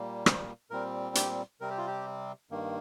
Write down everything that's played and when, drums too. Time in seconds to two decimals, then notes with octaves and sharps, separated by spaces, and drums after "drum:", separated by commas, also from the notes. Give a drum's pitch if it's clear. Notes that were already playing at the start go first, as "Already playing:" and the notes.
Already playing: A#2 G3 A#3
0.26 C5, drum: rim click
0.70 A#2 G3 C4 A#4
1.15 G4, drum: hi-hat
1.61 C3 G3 C4 A#4
1.70 G4
1.78 F4
1.87 G4
2.51 G2 D#3 A#3